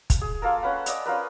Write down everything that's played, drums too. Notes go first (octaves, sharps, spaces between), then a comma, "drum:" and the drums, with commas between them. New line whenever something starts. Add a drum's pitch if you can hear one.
drum: kick, hi-hat
G#4
A#3 F4 A4 A#4
C#4 B4 F#5
D5 D#5 E6, drum: hi-hat
C#4 F4 A#4 B4